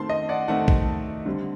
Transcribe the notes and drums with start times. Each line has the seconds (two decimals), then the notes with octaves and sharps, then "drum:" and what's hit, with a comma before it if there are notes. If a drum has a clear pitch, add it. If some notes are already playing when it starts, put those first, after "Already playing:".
Already playing: D#3 A3 C4 A5 C6
0.10 D#5
0.29 D5 F#5
0.48 D#3 A3 C4 F#5 A5
0.68 drum: kick
1.26 D3 G3 C4